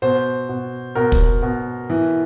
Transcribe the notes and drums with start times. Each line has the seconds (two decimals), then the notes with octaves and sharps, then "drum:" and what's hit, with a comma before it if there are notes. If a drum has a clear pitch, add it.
0.02 B2 C5
0.49 B2
0.95 B2 A#4
1.12 drum: kick
1.42 B2
1.90 E3